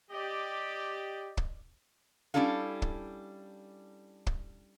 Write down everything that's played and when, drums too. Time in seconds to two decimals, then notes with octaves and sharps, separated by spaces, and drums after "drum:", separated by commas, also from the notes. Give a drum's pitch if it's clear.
0.11 G4 D5 D#5
1.37 drum: kick
2.34 G3 C#4 D4 E4 A4 F5
2.82 drum: kick
4.27 drum: kick